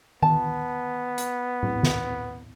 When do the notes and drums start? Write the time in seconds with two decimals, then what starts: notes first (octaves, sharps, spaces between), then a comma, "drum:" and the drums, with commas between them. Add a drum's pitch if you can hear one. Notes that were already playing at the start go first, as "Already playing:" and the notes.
0.22 B3 A5, drum: tom D#3
1.18 drum: hi-hat
1.63 drum: tom A2
1.83 drum: snare